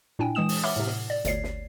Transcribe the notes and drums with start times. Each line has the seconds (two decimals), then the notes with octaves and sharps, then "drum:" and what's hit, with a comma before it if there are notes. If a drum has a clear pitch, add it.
0.19 A#2 D4 E4 G5 G#5
0.35 E3 G#3 D#6 E7
0.49 drum: open hi-hat
0.64 C#5 E5 F#5 B5 D6 F6
0.76 A2 C3
0.87 drum: snare
1.10 D5
1.25 G1 D2 C#5 D5 C7, drum: hi-hat
1.44 drum: snare